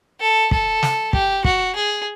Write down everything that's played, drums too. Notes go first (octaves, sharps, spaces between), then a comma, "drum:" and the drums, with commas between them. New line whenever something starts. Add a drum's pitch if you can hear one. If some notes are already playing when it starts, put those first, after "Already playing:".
A4
A4, drum: kick
drum: snare
G4, drum: kick
F#4, drum: kick
G#4